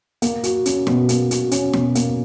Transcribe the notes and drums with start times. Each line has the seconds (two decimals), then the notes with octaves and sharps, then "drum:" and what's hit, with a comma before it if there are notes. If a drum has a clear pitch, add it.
0.22 A#3, drum: hi-hat
0.44 F#4, drum: hi-hat
0.66 C#4, drum: hi-hat
0.87 B2, drum: snare
1.09 A#3, drum: hi-hat
1.31 F#4, drum: hi-hat
1.51 C#4, drum: hi-hat
1.73 B2, drum: snare
1.95 A#3, drum: hi-hat